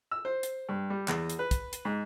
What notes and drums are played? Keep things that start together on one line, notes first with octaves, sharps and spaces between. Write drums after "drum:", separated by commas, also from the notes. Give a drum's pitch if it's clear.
E6
C5
drum: hi-hat
G2
G3
E2, drum: clap
drum: hi-hat
B4
drum: kick, hi-hat
drum: hi-hat
G#2